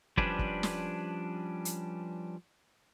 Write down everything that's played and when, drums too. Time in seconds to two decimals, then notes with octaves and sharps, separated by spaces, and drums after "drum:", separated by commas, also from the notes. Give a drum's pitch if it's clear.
0.17 F3 G3 C#4 D4 B4, drum: kick
0.39 drum: kick
0.63 drum: snare
1.65 drum: hi-hat